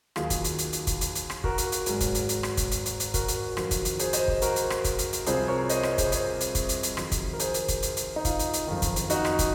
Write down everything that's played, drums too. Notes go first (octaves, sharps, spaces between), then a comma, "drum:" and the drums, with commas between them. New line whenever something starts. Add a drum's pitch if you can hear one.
D#2 D#3 F#3 F4 G#4, drum: rim click
drum: kick, hi-hat
drum: hi-hat
drum: hi-hat
drum: hi-hat
drum: kick, hi-hat
drum: hi-hat
drum: hi-hat
drum: rim click
F#4 A#4, drum: kick
drum: hi-hat
drum: hi-hat
G#1 G#2 F#3, drum: hi-hat
drum: kick, hi-hat
drum: hi-hat
drum: hi-hat
drum: rim click
drum: kick, hi-hat
drum: hi-hat
drum: hi-hat
drum: hi-hat
F#4 A#4, drum: kick, hi-hat
drum: hi-hat
F2 D#3 F#3, drum: rim click
drum: kick, hi-hat
drum: hi-hat
G#4 C5, drum: hi-hat
C5 D#5, drum: hi-hat
drum: kick
F#4 A#4, drum: hi-hat
drum: hi-hat
drum: rim click
drum: kick, hi-hat
drum: hi-hat
drum: hi-hat
C2 C3 F3 G#4 C5, drum: hi-hat
A#4 C#5
C5 D#5, drum: hi-hat
A#4 C#5, drum: rim click
G#4 C5, drum: kick, hi-hat
G#4 C5, drum: hi-hat
drum: hi-hat
drum: kick, hi-hat
drum: hi-hat
drum: hi-hat
F2 D#3 F#3, drum: rim click
drum: kick, hi-hat
A#4
G#4 C5, drum: hi-hat
drum: hi-hat
drum: kick, hi-hat
drum: hi-hat
drum: hi-hat
D#4
F4, drum: kick, hi-hat
drum: hi-hat
drum: hi-hat
F#1 F2 D#3
drum: kick, hi-hat
drum: hi-hat
D#4 F#4, drum: hi-hat
drum: rim click
drum: kick, hi-hat